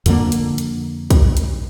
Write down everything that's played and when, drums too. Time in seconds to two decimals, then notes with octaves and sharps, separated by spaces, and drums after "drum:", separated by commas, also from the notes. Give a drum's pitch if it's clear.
0.06 F2 D3 A#3, drum: hi-hat
0.32 drum: hi-hat
0.58 drum: hi-hat
1.10 drum: kick, hi-hat
1.37 drum: hi-hat